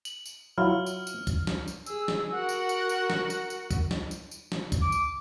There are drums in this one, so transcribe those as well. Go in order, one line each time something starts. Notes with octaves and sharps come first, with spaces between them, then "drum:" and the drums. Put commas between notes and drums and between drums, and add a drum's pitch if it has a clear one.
F#7, drum: tambourine
drum: tambourine
F#3 E4 F4 F6
drum: tambourine
drum: tambourine
drum: kick, tambourine
drum: snare
drum: tambourine
G#4 E6, drum: tambourine
drum: snare
F#4 A#4 F#5
drum: tambourine
drum: tambourine
drum: tambourine
drum: snare
drum: tambourine
drum: tambourine
drum: kick, tambourine
drum: snare
drum: tambourine
drum: tambourine
drum: snare
drum: kick, tambourine
D6
drum: tambourine